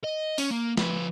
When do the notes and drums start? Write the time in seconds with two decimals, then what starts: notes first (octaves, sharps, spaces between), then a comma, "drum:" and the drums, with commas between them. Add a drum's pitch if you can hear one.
0.04 D#5
0.38 C#4, drum: open hi-hat
0.51 A#3
0.77 F3 B4, drum: snare